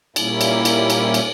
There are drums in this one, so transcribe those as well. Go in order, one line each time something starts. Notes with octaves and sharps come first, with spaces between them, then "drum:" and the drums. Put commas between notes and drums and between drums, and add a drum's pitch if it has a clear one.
A#2 G3 A#3 C#4 E4, drum: cymbal
drum: cymbal
drum: cymbal
drum: cymbal
drum: cymbal